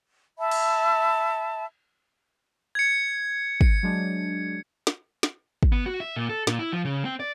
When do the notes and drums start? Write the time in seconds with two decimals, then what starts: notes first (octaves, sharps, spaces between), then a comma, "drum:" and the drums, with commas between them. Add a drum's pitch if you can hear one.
0.39 E5 A5 B5
0.51 drum: cymbal
2.75 G#6 C#7
3.61 C#7, drum: kick
3.83 F#3 G#3 D4
4.87 drum: snare
5.23 drum: snare
5.63 drum: kick
5.72 B3
5.86 F#4
6.00 E5
6.16 A#2
6.29 A4
6.47 A#2, drum: snare
6.59 E4
6.73 F3
6.85 C#3
7.05 C4
7.20 D5